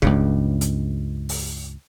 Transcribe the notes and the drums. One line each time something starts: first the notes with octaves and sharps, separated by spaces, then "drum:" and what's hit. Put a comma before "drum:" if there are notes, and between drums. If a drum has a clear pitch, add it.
C#2 G2 C#3, drum: kick
drum: hi-hat
drum: open hi-hat